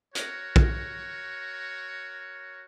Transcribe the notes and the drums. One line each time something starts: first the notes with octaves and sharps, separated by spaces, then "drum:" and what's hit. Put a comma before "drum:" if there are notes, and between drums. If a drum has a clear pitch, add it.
F#4 A#4 C#5, drum: hi-hat
drum: kick